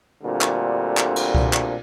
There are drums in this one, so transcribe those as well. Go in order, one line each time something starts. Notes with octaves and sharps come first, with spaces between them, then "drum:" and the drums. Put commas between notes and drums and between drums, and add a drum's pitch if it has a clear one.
D2 A#2 D3 G3 C4
drum: clap
drum: clap
drum: cymbal
drum: kick C2
drum: clap